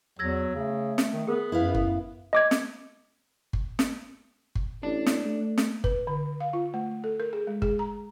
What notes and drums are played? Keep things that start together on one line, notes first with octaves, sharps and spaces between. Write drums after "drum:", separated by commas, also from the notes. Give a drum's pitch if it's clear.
E2 F#3 E6 G#6 A#6
C#3 A3
drum: snare
D#3
B3 G#4 A#4
F#2 E4 B4 F5
drum: kick G1
D#5 D6 G#6
drum: snare
drum: kick G1
drum: snare
drum: kick G1
A1 D4
drum: snare
A3
drum: snare
B4, drum: kick G1
D3
F5
F4
A3
A4
A#4
G#4
G#3
G#4, drum: kick G1
A#5